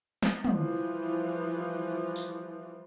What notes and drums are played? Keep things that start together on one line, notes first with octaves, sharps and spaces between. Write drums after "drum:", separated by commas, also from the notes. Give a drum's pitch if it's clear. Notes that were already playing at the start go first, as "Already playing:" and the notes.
drum: snare
E3 F3 G3, drum: tom
drum: tambourine